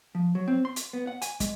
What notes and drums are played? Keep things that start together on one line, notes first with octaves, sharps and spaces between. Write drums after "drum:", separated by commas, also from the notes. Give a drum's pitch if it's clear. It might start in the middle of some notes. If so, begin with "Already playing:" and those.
F3
F#3
C4
C6
drum: hi-hat
B3
F#5
G#5, drum: hi-hat
G#3, drum: kick, hi-hat